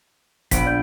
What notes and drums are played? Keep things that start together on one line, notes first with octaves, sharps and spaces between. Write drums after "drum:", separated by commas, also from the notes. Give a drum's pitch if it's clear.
A#1 B3 B5 B6 D7, drum: kick F#1, hi-hat
D5 G6